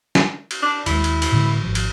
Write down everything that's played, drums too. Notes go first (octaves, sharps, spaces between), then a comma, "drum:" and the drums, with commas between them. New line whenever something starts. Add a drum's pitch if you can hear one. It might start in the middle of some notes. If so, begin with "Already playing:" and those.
drum: snare
drum: cymbal
D4
D#2 G#3 E4, drum: cymbal
drum: cymbal
drum: cymbal
A2 D3 G#3
G#1 F3
drum: cymbal